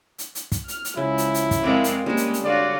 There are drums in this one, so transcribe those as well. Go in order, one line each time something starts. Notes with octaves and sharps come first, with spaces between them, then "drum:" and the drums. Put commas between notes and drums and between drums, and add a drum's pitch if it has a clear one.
drum: hi-hat
drum: hi-hat
drum: kick, hi-hat
F6, drum: hi-hat
drum: hi-hat
C#2 C#3 F3 E4
drum: hi-hat
drum: hi-hat
drum: kick, hi-hat
F2 G#3 C4 A#4 D5 F5 G5
drum: hi-hat
G3 G#3 A#3 C#4 C5
drum: hi-hat
drum: hi-hat
D3 F4 F#4 C#5 D5